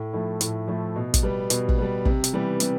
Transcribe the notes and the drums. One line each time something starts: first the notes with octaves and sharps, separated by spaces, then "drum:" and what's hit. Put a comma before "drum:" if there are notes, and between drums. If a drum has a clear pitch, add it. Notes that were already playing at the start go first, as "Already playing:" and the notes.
Already playing: A2
F3 A3 E4
A2, drum: hi-hat
F3 A3 E4
B2
drum: kick, hi-hat
G3 B3
B2, drum: hi-hat
drum: kick
G3 B3
C3, drum: kick
drum: hi-hat
E3 G3 B3
C3, drum: hi-hat